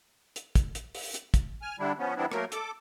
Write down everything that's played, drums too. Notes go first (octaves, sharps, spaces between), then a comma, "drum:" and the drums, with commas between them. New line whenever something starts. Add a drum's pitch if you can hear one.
drum: hi-hat
drum: kick, hi-hat
drum: hi-hat
drum: open hi-hat
drum: hi-hat
drum: kick, hi-hat
G#5 F6
D3 G3 D4 E4
F3 B3 C#4
E3 G3 B3 C4 D4 E4
F#3 A3 A#3 A#4, drum: rim click
A4 D6, drum: hi-hat